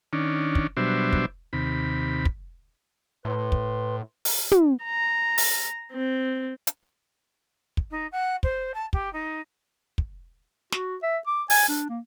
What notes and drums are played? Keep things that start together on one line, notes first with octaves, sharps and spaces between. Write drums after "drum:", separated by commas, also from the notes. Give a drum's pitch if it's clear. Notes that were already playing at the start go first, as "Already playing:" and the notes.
D#3 C#4 D4
drum: kick
B2 F#3 G3 D4 C5 E5
drum: kick
D#2 C3 B5
drum: kick
A2 B4 C6
drum: kick
drum: open hi-hat
drum: tom
A#5
drum: open hi-hat
C4
drum: hi-hat
drum: kick
D#4
F#5
C5, drum: kick
A5
G4, drum: kick
D#4
drum: kick
F#4, drum: snare
E5
D6
G#5, drum: open hi-hat
D4
A#3